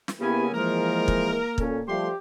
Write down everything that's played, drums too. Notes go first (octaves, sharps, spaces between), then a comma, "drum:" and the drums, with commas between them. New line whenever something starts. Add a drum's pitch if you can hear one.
drum: snare
C#3 A#3 B3 E4 G4 G#5
E3 F3 G#3 A#4
drum: kick
A#2 C#4 A4, drum: kick
F3 G3 A3 G4 C6